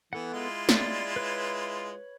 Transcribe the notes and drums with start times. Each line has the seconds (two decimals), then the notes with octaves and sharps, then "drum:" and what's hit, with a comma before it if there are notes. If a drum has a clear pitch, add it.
0.13 E3 B3 A4 F#5
0.33 G#3 E4 F4
0.69 D5, drum: snare
1.16 B4 C#5